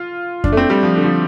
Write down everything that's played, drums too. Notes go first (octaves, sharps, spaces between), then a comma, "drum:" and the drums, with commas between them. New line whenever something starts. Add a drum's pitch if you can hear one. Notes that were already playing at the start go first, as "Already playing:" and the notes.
Already playing: F4
D4, drum: kick F2
A3
C4
G3
F3
D3
F3